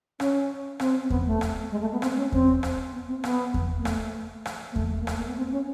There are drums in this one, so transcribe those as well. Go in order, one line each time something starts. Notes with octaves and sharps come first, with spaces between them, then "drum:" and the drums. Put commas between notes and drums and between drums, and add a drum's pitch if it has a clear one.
C#4, drum: rim click
C4, drum: rim click
C4
B3, drum: kick E2
A3
drum: rim click
G#3
A3
B3
C4, drum: rim click
C#4
C4, drum: kick E2
drum: rim click
B3
C4
B3, drum: rim click
drum: kick E2
A#3
A3, drum: rim click
drum: rim click
A#3
A3, drum: kick E2
A3
A#3
A3, drum: rim click
A#3
B3
C4
C#4